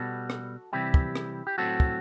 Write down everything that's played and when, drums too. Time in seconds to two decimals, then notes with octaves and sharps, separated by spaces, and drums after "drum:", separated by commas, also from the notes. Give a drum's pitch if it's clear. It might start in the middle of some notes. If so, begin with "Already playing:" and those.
Already playing: B2 G3 B3 F#4 A4
0.30 drum: rim click
0.73 C3 E3 G3 C4 E4 G4
0.94 drum: kick
1.16 drum: rim click
1.47 G4
1.58 A2 F#3 C4 F#4 A4
1.80 drum: kick